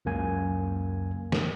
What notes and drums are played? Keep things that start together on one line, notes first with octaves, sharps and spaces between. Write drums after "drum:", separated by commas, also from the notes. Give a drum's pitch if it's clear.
C#2 F#2 A#3 G#5
drum: snare